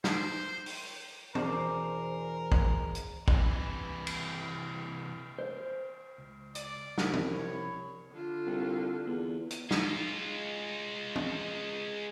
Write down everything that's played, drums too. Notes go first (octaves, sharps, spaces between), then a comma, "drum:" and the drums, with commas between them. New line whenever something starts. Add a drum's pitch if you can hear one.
C5, drum: snare
drum: open hi-hat
E2 B2 G#4 A#4 C5 D5, drum: tom
drum: kick
drum: hi-hat
C3 E3, drum: kick
drum: cymbal
C5
C#2
D5, drum: hi-hat
C2 C3 F3, drum: snare
drum: tom
C#5 B5
D3 F4
C2
E2
drum: hi-hat
G#3 F4, drum: snare
drum: tom